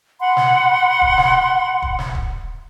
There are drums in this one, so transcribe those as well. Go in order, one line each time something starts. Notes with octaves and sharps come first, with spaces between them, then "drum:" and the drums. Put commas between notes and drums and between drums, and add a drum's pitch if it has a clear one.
F#5 B5 C6
drum: snare
drum: kick
drum: snare
drum: kick
drum: snare
drum: kick